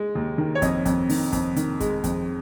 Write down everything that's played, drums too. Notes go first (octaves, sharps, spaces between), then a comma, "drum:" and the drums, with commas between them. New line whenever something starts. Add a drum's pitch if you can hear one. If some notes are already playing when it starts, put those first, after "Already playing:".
Already playing: G#3
D#2
D#3
C#5
F2 D#5, drum: kick, hi-hat
F2, drum: kick, hi-hat
D#3, drum: open hi-hat
F2, drum: kick, hi-hat
D#3, drum: hi-hat
G#3, drum: kick, hi-hat
F2, drum: kick, hi-hat